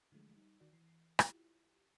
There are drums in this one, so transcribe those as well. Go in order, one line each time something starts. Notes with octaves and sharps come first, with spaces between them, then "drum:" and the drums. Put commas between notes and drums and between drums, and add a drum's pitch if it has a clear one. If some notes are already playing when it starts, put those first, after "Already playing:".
D3 E3 F3 G#3 A3
G3 D#4
D#3 F#4 D5
E3 C7
E4 F4 G4, drum: rim click